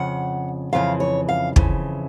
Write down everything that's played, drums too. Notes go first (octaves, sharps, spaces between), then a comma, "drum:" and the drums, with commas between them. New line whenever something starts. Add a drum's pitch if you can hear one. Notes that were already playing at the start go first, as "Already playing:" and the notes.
Already playing: F2 C#3 F#5
F2 C#3 E3 F5
C#5
F5
F2 C#3 E3, drum: kick